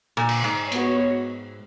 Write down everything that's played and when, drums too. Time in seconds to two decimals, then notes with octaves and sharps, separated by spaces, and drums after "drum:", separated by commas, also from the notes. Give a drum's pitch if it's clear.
0.17 A#2
0.29 drum: cymbal
0.44 G#2
0.72 B3 F#4 C#5, drum: hi-hat